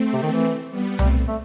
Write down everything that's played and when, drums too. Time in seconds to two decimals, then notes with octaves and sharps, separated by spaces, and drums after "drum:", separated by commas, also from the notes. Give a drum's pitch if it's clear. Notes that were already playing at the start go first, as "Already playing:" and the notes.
Already playing: A3 C4
0.13 C3
0.23 D#3
0.33 E3
0.71 G3 B3
0.99 G3 A3 C4, drum: tom C2
1.28 A3